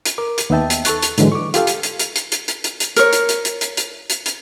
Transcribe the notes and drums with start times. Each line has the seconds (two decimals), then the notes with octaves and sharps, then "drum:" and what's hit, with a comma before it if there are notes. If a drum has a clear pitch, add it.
0.06 drum: hi-hat
0.18 A#4 D6
0.38 drum: hi-hat
0.50 D#2 B3 D#4 E5 G5 A5
0.70 drum: hi-hat
0.85 A4 A5 C#6 F#6, drum: hi-hat
1.03 drum: hi-hat
1.18 G#2 D3 E3 F#3 G#3, drum: hi-hat
1.32 C#6 D6
1.54 F4 G4 A4 F5, drum: hi-hat
1.67 drum: hi-hat
1.83 drum: hi-hat
1.99 drum: hi-hat
2.16 drum: hi-hat
2.32 drum: hi-hat
2.48 drum: hi-hat
2.64 drum: hi-hat
2.80 drum: hi-hat
2.96 A#4 C#5, drum: hi-hat
3.13 drum: hi-hat
3.29 drum: hi-hat
3.45 drum: hi-hat
3.61 drum: hi-hat
3.77 drum: hi-hat
4.10 drum: hi-hat
4.26 drum: hi-hat